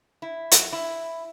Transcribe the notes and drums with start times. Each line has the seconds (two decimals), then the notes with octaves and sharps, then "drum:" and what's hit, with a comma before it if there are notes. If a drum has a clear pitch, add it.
0.22 E4
0.51 F#3, drum: hi-hat
0.73 E4